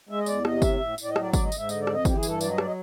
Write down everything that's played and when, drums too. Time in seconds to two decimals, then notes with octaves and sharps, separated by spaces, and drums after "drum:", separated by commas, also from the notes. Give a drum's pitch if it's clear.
0.09 G#3 E5
0.19 D#5
0.26 E2 D5, drum: tambourine
0.45 C3 D#5, drum: rim click
0.62 A2 E5, drum: kick G1, tambourine
0.80 A2
0.98 A2, drum: tambourine
1.04 D5
1.09 D#5
1.16 F#3, drum: rim click
1.22 D5
1.33 G#2 D5, drum: kick G1, tambourine
1.45 D#5
1.52 G#2, drum: tambourine
1.58 E5
1.69 D3 D#5, drum: tambourine
1.81 D5
1.87 F2, drum: rim click
1.93 D#5
2.05 E3 G4, drum: kick G1, tambourine
2.16 G#4
2.23 G2, drum: tambourine
2.28 A4
2.41 F#3 D5, drum: tambourine
2.50 D#5
2.58 D5, drum: rim click
2.67 D#5